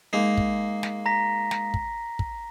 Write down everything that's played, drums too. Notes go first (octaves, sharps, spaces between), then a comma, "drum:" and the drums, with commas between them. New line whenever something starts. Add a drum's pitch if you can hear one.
G#3 A#3 D#4 C7
drum: kick
drum: snare
A#5 A#6 B6
drum: snare
drum: kick
drum: kick